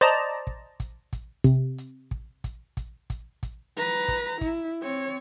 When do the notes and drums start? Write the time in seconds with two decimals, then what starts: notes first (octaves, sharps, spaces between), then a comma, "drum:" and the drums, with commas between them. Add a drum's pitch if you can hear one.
0.01 C5 D5 D#5 A5 A#5
0.47 drum: kick
0.80 drum: kick, hi-hat
1.13 drum: kick, hi-hat
1.44 C3, drum: kick, hi-hat
1.78 drum: hi-hat
2.11 drum: kick
2.44 drum: kick, hi-hat
2.77 drum: kick, hi-hat
3.10 drum: kick, hi-hat
3.43 drum: kick, hi-hat
3.77 B4 A#5, drum: hi-hat
4.08 drum: kick, hi-hat
4.41 E4, drum: kick, hi-hat
4.82 C4 C#5